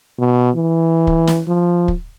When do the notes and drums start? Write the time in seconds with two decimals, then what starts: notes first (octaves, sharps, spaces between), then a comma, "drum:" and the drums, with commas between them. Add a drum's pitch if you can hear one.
0.18 B2
0.55 E3
1.07 drum: kick
1.27 drum: snare
1.48 F3
1.88 drum: kick